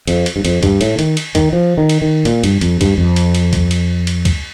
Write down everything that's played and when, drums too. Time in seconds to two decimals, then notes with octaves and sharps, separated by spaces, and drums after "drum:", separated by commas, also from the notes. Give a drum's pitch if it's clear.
0.07 F2, drum: cymbal
0.26 drum: cymbal
0.36 G2
0.45 F2, drum: cymbal
0.63 G2, drum: kick C#2, cymbal
0.81 A2, drum: cymbal
0.99 D#3, drum: cymbal
1.17 drum: cymbal
1.35 D#3, drum: kick C#2, cymbal
1.53 F3
1.78 D#3
1.89 drum: cymbal
2.02 D#3
2.25 A#2, drum: cymbal
2.44 G2, drum: cymbal
2.61 F2, drum: cymbal
2.81 G2, drum: kick C#2, cymbal
2.98 F2
3.16 drum: cymbal
3.35 drum: cymbal
3.53 drum: kick C#2, cymbal
3.71 drum: cymbal
4.07 drum: cymbal
4.25 drum: kick C#2, cymbal